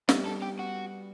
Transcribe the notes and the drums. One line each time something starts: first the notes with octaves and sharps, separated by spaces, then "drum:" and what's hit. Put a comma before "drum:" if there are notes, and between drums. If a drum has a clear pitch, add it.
G3 B3 D#4, drum: snare
A4
G4
F#4